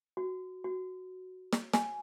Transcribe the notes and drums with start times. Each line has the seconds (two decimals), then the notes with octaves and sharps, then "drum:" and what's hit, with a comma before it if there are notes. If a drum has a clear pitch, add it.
0.17 F#4
0.64 F#4
1.53 drum: snare
1.73 G#5, drum: snare